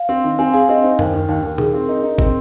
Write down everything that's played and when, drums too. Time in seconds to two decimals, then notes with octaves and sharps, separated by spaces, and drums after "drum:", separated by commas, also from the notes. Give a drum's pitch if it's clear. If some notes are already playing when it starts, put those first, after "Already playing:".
Already playing: F5
0.09 C4
0.24 D#3
0.39 C4 G#5
0.53 G#4 F5
0.69 C4 D#5
0.83 D#4 C5
0.99 D#2 A#4, drum: tom F#2
1.14 D#3
1.29 D#2
1.43 D#2 A#4
1.58 D#3 G#4, drum: tom A#2
1.73 C4 A#4
1.89 D#4 A#4
2.03 D#4 A#4
2.18 C4, drum: kick